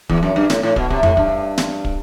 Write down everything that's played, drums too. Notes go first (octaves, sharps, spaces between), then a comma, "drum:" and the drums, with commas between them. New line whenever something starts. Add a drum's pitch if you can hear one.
E2, drum: kick
F#2
G2
A2, drum: snare
A2
B2, drum: kick
C3, drum: kick
A2, drum: tom F2
G2, drum: kick
drum: snare
drum: kick